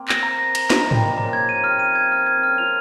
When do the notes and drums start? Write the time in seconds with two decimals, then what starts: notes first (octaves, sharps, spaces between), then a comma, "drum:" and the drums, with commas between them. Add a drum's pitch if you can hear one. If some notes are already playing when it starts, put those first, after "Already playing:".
Already playing: A#3 C4
0.08 A#6, drum: clap
0.23 A#5
0.39 A#6
0.55 A#5, drum: cymbal
0.70 D#4 A#5, drum: snare
0.81 F3 A#5
0.91 G3, drum: tom G#2
1.01 A#3 A#5
1.12 F3
1.18 A#5
1.23 C#3
1.33 G#6
1.49 D#7
1.64 C3 F6
1.79 D#7
1.95 G#6
2.12 F6
2.26 G#6
2.37 C3
2.43 C#3 F6
2.58 F3 F7